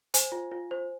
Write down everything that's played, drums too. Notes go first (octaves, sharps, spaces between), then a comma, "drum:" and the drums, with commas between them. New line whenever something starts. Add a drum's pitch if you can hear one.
C5 G#5, drum: hi-hat
F4
F4
C5